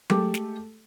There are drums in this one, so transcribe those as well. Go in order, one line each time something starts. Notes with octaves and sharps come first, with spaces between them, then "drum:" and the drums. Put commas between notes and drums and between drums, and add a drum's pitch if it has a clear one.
G#3 A3 G4 A4, drum: tom F#3
drum: snare